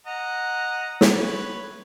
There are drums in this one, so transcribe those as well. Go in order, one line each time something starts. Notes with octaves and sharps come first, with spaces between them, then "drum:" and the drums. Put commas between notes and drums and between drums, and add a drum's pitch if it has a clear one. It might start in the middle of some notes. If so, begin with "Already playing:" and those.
D#5 F#5 A#5
drum: snare
B4 C#5